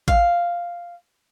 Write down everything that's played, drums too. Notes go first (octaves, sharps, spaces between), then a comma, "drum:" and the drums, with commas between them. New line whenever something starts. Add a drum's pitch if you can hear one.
F5, drum: kick A1